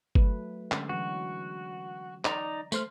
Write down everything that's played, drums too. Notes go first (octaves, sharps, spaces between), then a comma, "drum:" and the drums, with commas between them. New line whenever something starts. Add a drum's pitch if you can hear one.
F#3 A3 B4, drum: kick G1
D3 G#3 C#4, drum: clap
E3 F#3 F#4
D#4 D5 A#5, drum: clap
A3 C5 F6, drum: tambourine